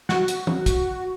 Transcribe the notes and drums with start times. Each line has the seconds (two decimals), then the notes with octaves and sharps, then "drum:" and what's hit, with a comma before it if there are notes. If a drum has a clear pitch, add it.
0.09 F#4, drum: snare
0.28 drum: hi-hat
0.47 drum: tom
0.66 drum: kick, hi-hat